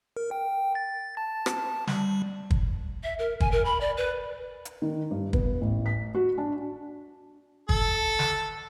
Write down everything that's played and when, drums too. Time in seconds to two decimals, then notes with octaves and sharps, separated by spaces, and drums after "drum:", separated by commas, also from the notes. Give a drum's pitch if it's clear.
0.17 A#4
0.31 G5
0.75 A6
1.17 A5
1.46 drum: rim click
1.87 G3, drum: snare
2.51 drum: kick
3.04 E5
3.19 A#4
3.40 G#5, drum: kick
3.52 A#4
3.65 B5
3.81 D5
3.97 B4
4.65 drum: hi-hat
4.82 D#3
5.11 G2
5.33 B3, drum: kick
5.61 A1
5.86 B6
6.15 F#4
6.38 D4
7.69 A4, drum: kick
8.19 drum: snare